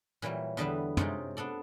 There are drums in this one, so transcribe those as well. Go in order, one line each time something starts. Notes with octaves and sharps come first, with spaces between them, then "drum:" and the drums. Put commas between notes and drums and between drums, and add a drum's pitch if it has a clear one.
A#2 E3 F#3 G3
E2 D3 G3 B3 B4 E5
C3 G#3 D#4 F4 C#5 D5, drum: tom
B3 D4 A4 D5